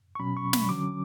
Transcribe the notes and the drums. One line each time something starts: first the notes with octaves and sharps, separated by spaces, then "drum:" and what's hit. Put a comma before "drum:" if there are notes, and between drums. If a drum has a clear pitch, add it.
C#6
B2 F#3 C#4 B5
C#6
B5, drum: snare
D3 F#3 C#4 D6